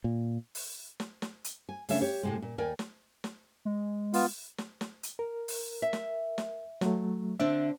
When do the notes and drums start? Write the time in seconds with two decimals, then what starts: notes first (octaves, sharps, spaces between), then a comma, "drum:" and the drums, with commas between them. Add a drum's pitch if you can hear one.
0.04 A#2
0.55 drum: open hi-hat
1.00 drum: snare
1.22 drum: snare
1.44 drum: hi-hat
1.69 G#5
1.89 C#3 A3 D4 C#5 E5, drum: open hi-hat
2.02 G4 C#5
2.23 A2 C3 G#3
2.42 A#2
2.58 D#2 A#4 D5 G5 G#5
2.79 drum: snare
3.24 drum: snare
3.65 G#3
4.14 B3 F4, drum: open hi-hat
4.58 drum: snare
4.81 drum: snare
5.03 drum: hi-hat
5.19 A#4
5.48 drum: open hi-hat
5.82 E5
5.93 drum: snare
6.38 drum: snare
6.81 F#3 A3, drum: snare
7.40 D3 C4 D4 E5